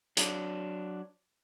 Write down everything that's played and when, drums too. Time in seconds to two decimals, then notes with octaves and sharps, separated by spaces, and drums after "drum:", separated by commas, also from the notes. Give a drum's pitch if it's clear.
0.17 F#3 D4, drum: hi-hat